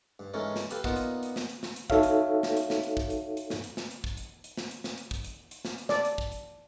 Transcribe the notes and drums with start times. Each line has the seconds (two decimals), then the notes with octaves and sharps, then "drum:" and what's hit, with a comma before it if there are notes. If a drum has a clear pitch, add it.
0.19 G2
0.34 G#2 E3 G#3 C#4 A4 A#4
0.56 drum: snare
0.71 G4 A4 B4 F5, drum: hi-hat
0.84 A#2 B3 D#4 F4 A#4 F#5, drum: kick
0.96 drum: hi-hat
1.23 drum: hi-hat
1.36 drum: snare
1.49 drum: hi-hat
1.63 drum: snare
1.76 drum: hi-hat
1.90 D#4 F#4 A4 C#5 E5 F5, drum: kick
2.03 drum: hi-hat
2.43 drum: snare
2.57 drum: hi-hat
2.70 drum: snare
2.83 drum: hi-hat
2.97 drum: kick
3.10 drum: hi-hat
3.37 drum: hi-hat
3.50 drum: snare
3.64 drum: hi-hat
3.77 drum: snare
3.91 drum: hi-hat
4.04 drum: kick
4.17 drum: hi-hat
4.44 drum: hi-hat
4.57 drum: snare
4.71 drum: hi-hat
4.84 drum: snare
4.98 drum: hi-hat
5.11 drum: kick
5.24 drum: hi-hat
5.51 drum: hi-hat
5.65 drum: snare
5.78 drum: hi-hat
5.89 D5, drum: snare
6.05 drum: hi-hat
6.18 drum: kick
6.32 drum: hi-hat